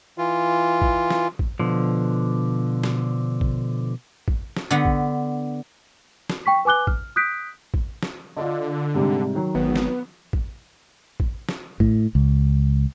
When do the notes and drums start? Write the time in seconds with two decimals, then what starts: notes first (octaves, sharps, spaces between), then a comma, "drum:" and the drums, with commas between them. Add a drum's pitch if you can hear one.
0.18 E3 F4
0.82 drum: kick A1
1.10 drum: snare
1.39 drum: kick A1
1.59 B2 D3 F3
2.84 drum: snare
3.41 drum: kick A1
4.28 drum: kick A1
4.57 drum: snare
4.70 D3 B3
4.85 drum: kick A1
6.30 drum: snare
6.46 G5 C#6 B6
6.65 B4 G#5 D6 F#6 G7
6.87 F6, drum: kick A1
7.16 D#6 F#6 G6 B6 D7
7.74 drum: kick A1
8.03 drum: snare
8.37 D3 F4 D5 D#5
8.94 G#2 C3 G3
9.35 D#3 F#3
9.55 G#1 B3
9.76 drum: snare
10.33 drum: kick A1
11.20 drum: kick A1
11.49 drum: snare
11.80 A2, drum: kick A1
12.15 C#2